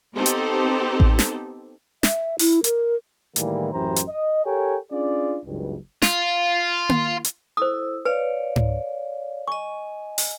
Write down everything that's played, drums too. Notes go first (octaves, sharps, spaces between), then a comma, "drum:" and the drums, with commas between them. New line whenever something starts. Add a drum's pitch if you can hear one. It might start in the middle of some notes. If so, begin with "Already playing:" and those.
B3 C4 D#4 G4 A4 C5
drum: hi-hat
drum: kick A1
drum: snare
E5, drum: snare
E4, drum: open hi-hat
A#4, drum: hi-hat
A2 D#3 E3 G3 G#3 A#3, drum: hi-hat
A1 F#2 E3 G4 C5 A#5
drum: hi-hat
D#5
G4 A4 A#4 C#5 G5 G#5
C#4 D4 F4 G#4 D5
F#1 C#2 G2
F4, drum: snare
drum: tom A#3
drum: hi-hat
E4 A4 C5 D#6 E6
B4 C#5 D5 F5
drum: tom G#2
D#5 G#5 C#6
drum: open hi-hat